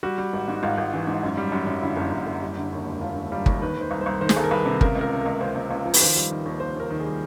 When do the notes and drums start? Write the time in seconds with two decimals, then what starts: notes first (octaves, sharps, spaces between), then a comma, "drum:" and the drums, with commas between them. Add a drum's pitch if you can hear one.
0.03 G3 F#4
0.18 G3
0.33 G#1
0.48 G#2
0.63 G#1 F4
0.78 G#1
0.93 E3
1.07 G#2
1.23 F#2
1.37 G3
1.52 F#2
1.67 F#2
1.82 D3 E4
1.97 F#1
2.12 F#1
2.26 F#1
2.42 G3
2.57 D3
2.72 D#2
2.87 E1
3.01 E1 F4
3.17 D#2
3.32 G3 F4
3.46 D#2, drum: kick
3.61 D#3 B4
3.77 D#3 C5
3.91 C2
4.01 C5
4.06 C2
4.21 D#3 C5
4.29 G#4, drum: snare
4.36 C2 A4
4.44 A#4
4.51 C2 B4
4.66 C3
4.81 C#3 A#4, drum: kick
4.96 C#2
5.01 A#4
5.11 C#3
5.21 C#2 A#4
5.41 C#2 C5
5.56 C#2
5.71 C#2
5.85 F3
5.94 B4, drum: open hi-hat
6.00 D#3 C5
6.16 G3
6.31 D#3
6.46 D#2
6.60 D#2 C5
6.76 D#2 A#4
6.90 D#3
7.00 G#4
7.05 G3